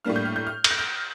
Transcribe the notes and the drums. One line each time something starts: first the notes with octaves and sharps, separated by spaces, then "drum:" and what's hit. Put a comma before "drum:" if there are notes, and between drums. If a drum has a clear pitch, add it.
A2 G3 A#3 D4 F6
G6
F6
G6
F6
F6, drum: cymbal
G6
F6